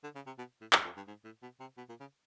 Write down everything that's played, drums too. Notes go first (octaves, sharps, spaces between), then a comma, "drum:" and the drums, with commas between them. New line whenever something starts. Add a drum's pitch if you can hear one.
D3
C#3
C3
B2
A2
G2, drum: clap
F2
G2
G#2
A2
B2
C3
B2
A#2
C#3